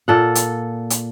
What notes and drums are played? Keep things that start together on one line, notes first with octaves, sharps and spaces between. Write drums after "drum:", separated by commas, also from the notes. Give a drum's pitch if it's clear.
A#2 A4 F#5
drum: hi-hat
drum: hi-hat